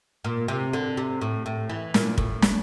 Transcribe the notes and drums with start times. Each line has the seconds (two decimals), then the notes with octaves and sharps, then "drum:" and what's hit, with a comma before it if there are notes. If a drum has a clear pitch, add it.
0.25 A#2
0.48 C3
0.73 D3
0.97 C3
1.21 A2
1.46 A2
1.69 E3
1.94 A#2, drum: snare
2.18 A2, drum: kick
2.42 drum: snare